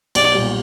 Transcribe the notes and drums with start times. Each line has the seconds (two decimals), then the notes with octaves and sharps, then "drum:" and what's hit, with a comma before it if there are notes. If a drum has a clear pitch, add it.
0.15 B1 D5, drum: cymbal
0.34 A#2 G3